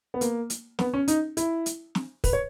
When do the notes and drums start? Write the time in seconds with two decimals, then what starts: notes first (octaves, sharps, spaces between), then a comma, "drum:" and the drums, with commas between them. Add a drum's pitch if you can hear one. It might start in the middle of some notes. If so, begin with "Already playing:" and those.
0.14 B3
0.21 A#3, drum: hi-hat
0.50 drum: hi-hat
0.79 B3, drum: snare
0.93 C#4
1.08 D#4, drum: hi-hat
1.37 E4, drum: hi-hat
1.66 drum: hi-hat
1.95 drum: snare
2.24 B4, drum: kick, open hi-hat
2.33 C#5